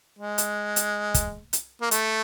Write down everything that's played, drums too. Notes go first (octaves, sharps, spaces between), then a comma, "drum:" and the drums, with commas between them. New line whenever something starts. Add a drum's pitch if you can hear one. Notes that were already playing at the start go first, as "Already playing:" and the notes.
G#3
drum: hi-hat
drum: hi-hat
drum: kick, hi-hat
drum: hi-hat
A#3
A3, drum: hi-hat